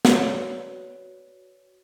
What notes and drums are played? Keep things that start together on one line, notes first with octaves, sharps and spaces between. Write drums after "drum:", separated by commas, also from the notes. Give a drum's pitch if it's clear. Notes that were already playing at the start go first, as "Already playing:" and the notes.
F#4 B4 C#5 D5, drum: snare